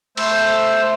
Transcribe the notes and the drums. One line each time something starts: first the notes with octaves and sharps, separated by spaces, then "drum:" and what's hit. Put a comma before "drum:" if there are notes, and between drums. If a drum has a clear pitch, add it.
A3 C5 E6, drum: cymbal